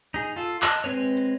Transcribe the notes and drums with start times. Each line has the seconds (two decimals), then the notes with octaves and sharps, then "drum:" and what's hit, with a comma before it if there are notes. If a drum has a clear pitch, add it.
0.14 D#4 G#4
0.36 F4 A4
0.62 D#5 A5 F#6, drum: clap
0.84 G#3 C4 B4 C#5
1.17 drum: hi-hat